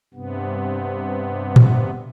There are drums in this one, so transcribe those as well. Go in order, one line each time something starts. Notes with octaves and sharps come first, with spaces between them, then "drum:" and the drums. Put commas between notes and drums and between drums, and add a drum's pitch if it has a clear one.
G2 C3 B3
drum: tom A2